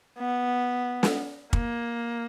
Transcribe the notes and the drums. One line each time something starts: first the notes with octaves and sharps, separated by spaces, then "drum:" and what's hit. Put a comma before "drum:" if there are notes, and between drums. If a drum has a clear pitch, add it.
B3
drum: snare
A#3, drum: kick